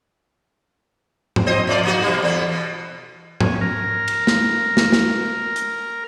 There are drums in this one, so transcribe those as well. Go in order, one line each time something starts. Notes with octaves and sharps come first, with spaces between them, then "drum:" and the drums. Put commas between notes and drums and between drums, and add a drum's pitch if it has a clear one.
drum: tom G#2
F3 C5 D#5
F2 F3 D5
A#3 D#4 F#4
B2 G3
E2 B3
B2
C#4, drum: tom G#2
A#4
drum: cymbal
drum: snare
drum: snare
drum: snare
drum: hi-hat